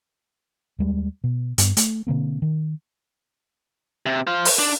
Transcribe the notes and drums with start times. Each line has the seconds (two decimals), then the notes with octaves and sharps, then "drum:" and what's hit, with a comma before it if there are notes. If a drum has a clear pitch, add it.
0.79 D#2 G3 G#3
1.24 B2
1.58 G2 B3, drum: hi-hat
1.77 A3, drum: hi-hat
2.07 B2 D3 A#3 C4
2.42 D#3
4.06 C3
4.27 C5 F5
4.45 drum: open hi-hat
4.59 D4